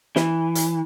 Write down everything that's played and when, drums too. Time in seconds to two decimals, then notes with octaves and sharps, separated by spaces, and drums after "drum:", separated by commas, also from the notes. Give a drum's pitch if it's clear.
0.16 E3, drum: snare
0.55 drum: hi-hat